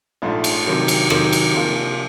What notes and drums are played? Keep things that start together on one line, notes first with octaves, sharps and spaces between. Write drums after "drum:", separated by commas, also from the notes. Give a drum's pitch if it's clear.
A#1 G#2 F3 A3
drum: cymbal
C3 D#3 F#3
drum: cymbal
C3 D#3 F#3, drum: rim click
drum: cymbal
C3 F3 A#3